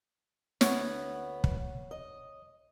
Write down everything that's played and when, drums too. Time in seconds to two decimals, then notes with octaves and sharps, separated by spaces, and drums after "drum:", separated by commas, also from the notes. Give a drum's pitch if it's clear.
0.61 D2 B3 C#5 F#5, drum: snare
1.44 drum: kick
1.91 D#5